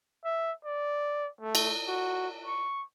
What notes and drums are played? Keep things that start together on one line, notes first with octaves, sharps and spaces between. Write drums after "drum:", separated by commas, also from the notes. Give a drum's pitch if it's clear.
E5
D5
A3
drum: cymbal
F#4
C#6